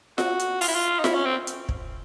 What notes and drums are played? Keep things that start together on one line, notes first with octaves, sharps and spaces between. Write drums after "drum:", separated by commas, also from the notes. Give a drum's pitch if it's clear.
F#4, drum: snare F4
drum: hi-hat
F4, drum: open hi-hat
E4
F4
D#4
E4, drum: snare F4
C#4
C4
drum: hi-hat
drum: kick